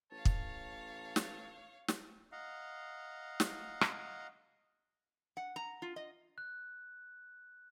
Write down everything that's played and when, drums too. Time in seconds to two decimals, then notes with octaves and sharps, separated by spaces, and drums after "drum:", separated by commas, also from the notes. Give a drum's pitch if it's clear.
0.12 A1 C#5 F5 A5
0.25 drum: kick
1.16 drum: snare
1.88 drum: snare
2.32 D#5 F5 F#5 A#5
3.40 drum: snare
3.81 drum: rim click
5.37 F#5
5.56 A#5
5.82 F4
5.96 D#5
6.38 F#6